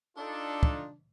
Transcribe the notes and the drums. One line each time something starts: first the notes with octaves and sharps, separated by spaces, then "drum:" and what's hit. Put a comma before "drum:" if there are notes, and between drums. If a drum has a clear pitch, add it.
D4 D#4 F4 A4
drum: kick